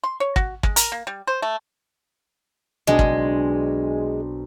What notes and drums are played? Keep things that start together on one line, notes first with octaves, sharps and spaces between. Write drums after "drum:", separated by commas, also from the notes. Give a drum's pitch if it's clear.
C6
C#5
F#4, drum: kick
G#3, drum: kick
A#4, drum: hi-hat
A#3
G3
C5
A3
B1 G#3 C4 D4
drum: kick